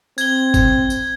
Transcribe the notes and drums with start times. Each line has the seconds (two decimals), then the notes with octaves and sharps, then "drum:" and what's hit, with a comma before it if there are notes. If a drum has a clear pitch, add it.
0.18 C4 G#6 G7, drum: tambourine
0.54 drum: kick G1, tambourine
0.90 drum: tambourine